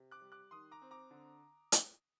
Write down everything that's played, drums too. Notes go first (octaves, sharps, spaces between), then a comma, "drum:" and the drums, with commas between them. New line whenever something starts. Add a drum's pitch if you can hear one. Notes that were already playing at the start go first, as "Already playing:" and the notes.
Already playing: C3
D6 F#6
G3
D6 F#6
D#3 C6 D#6
A#5 D6
C4
A#5 D6
D3
drum: hi-hat